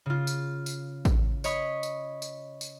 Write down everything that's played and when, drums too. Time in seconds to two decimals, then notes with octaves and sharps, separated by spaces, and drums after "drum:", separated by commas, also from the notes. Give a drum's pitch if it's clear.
0.06 C#3 F4
0.27 drum: tambourine
0.66 drum: tambourine
1.05 drum: kick, tambourine
1.44 C#5 D#5 B5 C#6, drum: tambourine
1.83 drum: tambourine
2.22 drum: tambourine
2.61 drum: tambourine